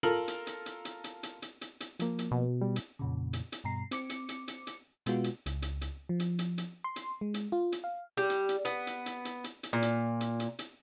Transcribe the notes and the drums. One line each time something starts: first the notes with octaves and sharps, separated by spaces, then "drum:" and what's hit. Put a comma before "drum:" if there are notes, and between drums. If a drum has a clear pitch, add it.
F4 A4 A#4 F#7
drum: hi-hat
drum: hi-hat
drum: hi-hat
drum: hi-hat
drum: hi-hat
drum: hi-hat
drum: hi-hat
drum: hi-hat
drum: hi-hat
F3 A#3, drum: hi-hat
drum: hi-hat
B2
G3
drum: hi-hat
F2 A#2 C#3
drum: hi-hat
drum: hi-hat
G2 B2 A#5 C7
C4 D6 C#7, drum: hi-hat
drum: hi-hat
drum: hi-hat
drum: hi-hat
drum: hi-hat
B2 G#3 B3 F4 F#4, drum: hi-hat
drum: hi-hat
C#2, drum: hi-hat
drum: hi-hat
drum: hi-hat
F3
drum: hi-hat
drum: hi-hat
drum: hi-hat
C6
drum: hi-hat
G#3
drum: hi-hat
F4
drum: hi-hat
F5
G3
drum: hi-hat
drum: hi-hat
B3, drum: hi-hat
drum: hi-hat
drum: hi-hat
drum: hi-hat
drum: hi-hat
drum: hi-hat
A#2
drum: hi-hat
drum: hi-hat
drum: hi-hat
drum: hi-hat